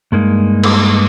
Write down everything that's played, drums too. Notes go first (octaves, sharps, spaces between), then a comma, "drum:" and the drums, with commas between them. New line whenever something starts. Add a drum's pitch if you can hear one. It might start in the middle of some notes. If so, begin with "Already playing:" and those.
G2 G#3 A#3 D#4
drum: cymbal